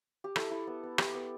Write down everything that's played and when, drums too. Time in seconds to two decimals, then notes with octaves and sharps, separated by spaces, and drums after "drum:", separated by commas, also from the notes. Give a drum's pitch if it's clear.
0.24 G4
0.36 E4 A4, drum: rim click
0.51 E4
0.67 B3
0.83 B3
0.98 E4 G4, drum: rim click
1.14 B3